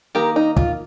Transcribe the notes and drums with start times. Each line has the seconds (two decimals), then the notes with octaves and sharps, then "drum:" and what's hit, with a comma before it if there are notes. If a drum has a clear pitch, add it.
0.15 D#3 A#3 D#4 G4 A#4
0.36 D#4
0.57 F4, drum: kick